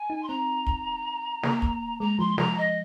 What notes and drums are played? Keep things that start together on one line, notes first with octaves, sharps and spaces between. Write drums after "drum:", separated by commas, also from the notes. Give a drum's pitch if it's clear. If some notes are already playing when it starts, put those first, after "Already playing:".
Already playing: G#5
D#4
C6
C4 A#5
drum: kick
A#3, drum: snare
drum: kick
G#3 A#5
F3 C6
F3 A#5, drum: snare
D#5